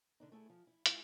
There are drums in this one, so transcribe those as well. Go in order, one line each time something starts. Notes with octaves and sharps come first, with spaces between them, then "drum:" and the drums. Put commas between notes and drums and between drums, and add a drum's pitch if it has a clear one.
D3 D4 D#4
A3 E4 G#4 A4
F3
E4
G#3 E4 F4, drum: hi-hat